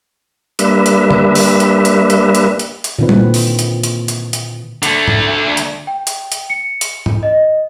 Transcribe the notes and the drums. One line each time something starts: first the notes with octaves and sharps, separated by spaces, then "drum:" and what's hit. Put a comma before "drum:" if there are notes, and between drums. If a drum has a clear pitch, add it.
G3 A#3 D4 B4 E5, drum: hi-hat
drum: hi-hat
drum: tom
drum: open hi-hat
drum: hi-hat
drum: hi-hat
drum: hi-hat
drum: hi-hat
drum: hi-hat
drum: hi-hat
A#2 D3 D#3 C4 E4 B4
drum: tom
drum: open hi-hat
drum: hi-hat
drum: hi-hat
drum: hi-hat
drum: hi-hat
D3 A3, drum: hi-hat
drum: tom G#2
drum: hi-hat
G5
drum: hi-hat
drum: hi-hat
C#7
drum: hi-hat
drum: tom G#2
D#5